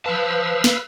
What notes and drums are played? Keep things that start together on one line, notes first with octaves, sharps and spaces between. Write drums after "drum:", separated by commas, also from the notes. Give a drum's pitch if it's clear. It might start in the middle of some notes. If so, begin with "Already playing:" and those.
B4 C5 F5 A5 E6
drum: snare